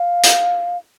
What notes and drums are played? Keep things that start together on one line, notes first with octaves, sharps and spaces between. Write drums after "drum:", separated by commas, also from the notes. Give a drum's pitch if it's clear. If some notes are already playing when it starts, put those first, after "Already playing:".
Already playing: F5
drum: hi-hat